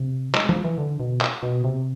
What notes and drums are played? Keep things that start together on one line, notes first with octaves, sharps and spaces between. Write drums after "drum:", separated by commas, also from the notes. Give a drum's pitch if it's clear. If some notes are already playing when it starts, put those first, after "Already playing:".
Already playing: C3
G#3, drum: clap
F3, drum: tom
E3
D3
B2
drum: clap
B2
C3